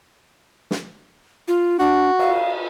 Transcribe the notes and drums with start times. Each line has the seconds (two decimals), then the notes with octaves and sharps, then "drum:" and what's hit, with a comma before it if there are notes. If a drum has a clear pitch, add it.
0.71 drum: snare
1.48 F4
1.79 D4 F#4
2.19 F5, drum: cymbal